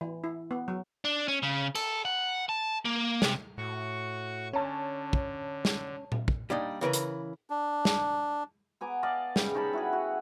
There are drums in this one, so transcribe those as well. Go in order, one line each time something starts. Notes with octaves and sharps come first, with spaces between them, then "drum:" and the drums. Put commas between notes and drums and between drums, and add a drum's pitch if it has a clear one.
E3
E4
B3
F#3
D4
C#4
C#3
A4, drum: cymbal
F#5
A5
A#3
C3, drum: snare
A2 F#4 C#6
D3 C#4 C#5 A5
drum: kick
drum: snare
drum: tom A#2
drum: kick
G3 A#3 D4 D#4
C#3 E3 A#4 B4
drum: hi-hat
D4
drum: snare
B3 G#5 A#5 D6
D5 D#5 F5 A5
C#3 G3 G5, drum: snare
D#4 C#5 A5 B5
E4 F#4 G#4
F#4